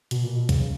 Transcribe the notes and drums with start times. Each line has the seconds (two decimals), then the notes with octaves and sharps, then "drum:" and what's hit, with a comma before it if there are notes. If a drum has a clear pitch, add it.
0.11 B2, drum: hi-hat
0.24 A#2
0.36 B2
0.49 C#3, drum: kick C#2, hi-hat